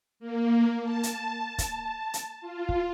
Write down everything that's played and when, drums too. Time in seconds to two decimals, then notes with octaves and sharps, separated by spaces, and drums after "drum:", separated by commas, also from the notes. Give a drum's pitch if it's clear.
0.20 A#3
0.83 A5
1.03 drum: hi-hat
1.58 drum: kick, hi-hat
2.14 drum: hi-hat
2.41 F4
2.69 drum: kick